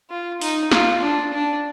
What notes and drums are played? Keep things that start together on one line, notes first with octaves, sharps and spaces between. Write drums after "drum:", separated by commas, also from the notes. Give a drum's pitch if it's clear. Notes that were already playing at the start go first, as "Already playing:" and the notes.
F4
D#4, drum: open hi-hat
F4, drum: snare
D4
D4